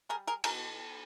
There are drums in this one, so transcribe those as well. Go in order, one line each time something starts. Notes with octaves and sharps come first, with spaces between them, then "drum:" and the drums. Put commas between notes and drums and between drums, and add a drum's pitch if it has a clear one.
G3 G#4 A#4
G#4 A#4
B2 G#4 A#4, drum: cymbal